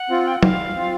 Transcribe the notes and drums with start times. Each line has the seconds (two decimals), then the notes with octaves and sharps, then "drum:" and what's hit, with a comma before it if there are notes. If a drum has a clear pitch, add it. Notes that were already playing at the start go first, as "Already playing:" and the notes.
Already playing: F#5
0.10 C4 F4
0.27 G5
0.34 F#5
0.43 G3 F5, drum: tom F#3
0.75 C4 F4